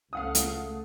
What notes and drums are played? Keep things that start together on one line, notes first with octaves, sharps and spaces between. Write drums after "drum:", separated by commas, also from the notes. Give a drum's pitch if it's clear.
C#2 A3 F5 F#5 D#6
drum: hi-hat